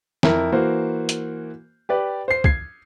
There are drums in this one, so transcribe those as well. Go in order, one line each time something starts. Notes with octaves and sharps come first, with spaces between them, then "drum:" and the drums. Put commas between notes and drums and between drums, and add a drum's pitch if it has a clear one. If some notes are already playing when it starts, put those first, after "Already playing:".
F2 E4 A#4, drum: snare
E3 A#3 F#4 C5
drum: hi-hat
G4 B4 D5
C5 C7
G#6 C7, drum: kick